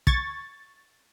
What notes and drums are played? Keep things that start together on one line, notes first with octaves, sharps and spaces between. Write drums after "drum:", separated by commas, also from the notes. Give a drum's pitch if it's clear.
C#6 G#6 A6, drum: kick